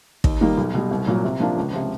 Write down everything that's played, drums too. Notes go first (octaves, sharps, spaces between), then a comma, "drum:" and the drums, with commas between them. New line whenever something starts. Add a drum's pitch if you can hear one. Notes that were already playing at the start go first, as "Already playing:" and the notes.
D#2, drum: kick
D#3 G3 A#3
B1
B2 G3
C2
A#2 F#3
C3
F3 A#3 D4 F4
C#2
C3 F3